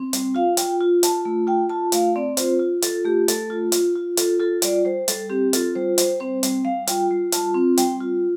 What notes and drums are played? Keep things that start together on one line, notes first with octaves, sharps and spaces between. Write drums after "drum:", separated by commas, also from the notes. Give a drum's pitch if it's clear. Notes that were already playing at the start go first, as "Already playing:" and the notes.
Already playing: C4
G3, drum: hi-hat
F4 F5
F4 G5, drum: hi-hat
F4
F4 A5, drum: hi-hat
A3
F4 G5
F4 A5
A3 F5, drum: hi-hat
C4 D5
F4 C5, drum: hi-hat
F4
F4 A4, drum: hi-hat
A3 G4
A3 A4, drum: hi-hat
F4
F4, drum: hi-hat
F4
F4 A4, drum: hi-hat
F4 A4
G3 D5, drum: hi-hat
G3 C5
G3 A4, drum: hi-hat
C4 G4
F4 A4, drum: hi-hat
G3 C5
G3 C5, drum: hi-hat
C4 C5
G3, drum: hi-hat
G3 F5
F4 G5, drum: hi-hat
G3
F4 A5, drum: hi-hat
C4
G3 G5, drum: hi-hat
F4